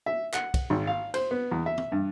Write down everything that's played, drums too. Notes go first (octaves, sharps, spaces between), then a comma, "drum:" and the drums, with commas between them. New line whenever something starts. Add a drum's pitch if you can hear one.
E5
F#5, drum: clap
drum: kick, cymbal
G#1
F5
C5, drum: cymbal
B3
E2
E5
drum: tom
G2